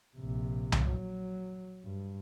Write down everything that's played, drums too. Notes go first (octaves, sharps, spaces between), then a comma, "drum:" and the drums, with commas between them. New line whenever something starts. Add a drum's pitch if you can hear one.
A#1 C3
drum: tom C2
F#3
G2